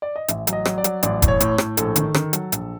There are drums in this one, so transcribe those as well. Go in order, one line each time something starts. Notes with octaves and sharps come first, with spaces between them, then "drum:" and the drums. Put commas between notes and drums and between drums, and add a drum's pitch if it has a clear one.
D5
D#5
A1 E5, drum: hi-hat
F#3, drum: hi-hat
D#5
F#3, drum: rim click
D5
F#3, drum: hi-hat
A1 D5, drum: hi-hat
A2, drum: kick E1, hi-hat
C#5
A2, drum: hi-hat
A2, drum: rim click
A#1 A4, drum: hi-hat
D#3, drum: hi-hat
D#3, drum: rim click
F#3, drum: hi-hat
A#1, drum: hi-hat